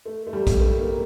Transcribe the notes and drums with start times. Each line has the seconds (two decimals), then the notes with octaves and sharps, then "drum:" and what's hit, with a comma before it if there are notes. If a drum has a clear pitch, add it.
0.06 A3
0.27 A3
0.33 G3
0.47 drum: kick A#1, hi-hat
0.60 A3
0.79 A#3